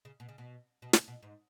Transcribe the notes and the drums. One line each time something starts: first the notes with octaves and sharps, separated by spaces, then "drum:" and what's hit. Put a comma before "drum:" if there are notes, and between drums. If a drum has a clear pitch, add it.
C#3
B2
C#3
B2
B2
C#3, drum: snare
B2
G#2